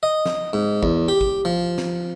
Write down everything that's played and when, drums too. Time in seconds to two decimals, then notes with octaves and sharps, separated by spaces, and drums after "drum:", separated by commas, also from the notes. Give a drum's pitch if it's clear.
0.03 D#5
0.26 drum: snare
0.53 G#2
0.83 E2, drum: kick G#1
1.08 G4
1.21 drum: kick G#1
1.45 F3
1.78 drum: snare